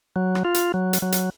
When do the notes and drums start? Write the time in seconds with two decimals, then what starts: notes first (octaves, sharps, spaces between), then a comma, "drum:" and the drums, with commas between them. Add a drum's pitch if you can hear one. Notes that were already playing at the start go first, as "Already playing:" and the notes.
0.16 F#3
0.35 drum: rim click
0.45 F4
0.54 drum: hi-hat
0.74 F#3
0.93 drum: hi-hat
1.02 F#3
1.12 drum: hi-hat